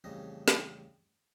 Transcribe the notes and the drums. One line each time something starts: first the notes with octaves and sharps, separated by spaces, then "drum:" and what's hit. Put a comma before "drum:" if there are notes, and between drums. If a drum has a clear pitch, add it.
A1 F2 C#3 G3 D#5
drum: snare